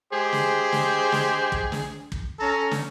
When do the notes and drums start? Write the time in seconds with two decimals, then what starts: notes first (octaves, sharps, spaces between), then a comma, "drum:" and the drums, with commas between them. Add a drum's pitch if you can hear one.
0.13 G#3 G4 G#4 C5
0.33 drum: snare
0.72 drum: snare
1.12 drum: snare
1.52 drum: kick
1.72 drum: snare
2.12 drum: kick
2.40 C#4 A4 A#5
2.71 drum: snare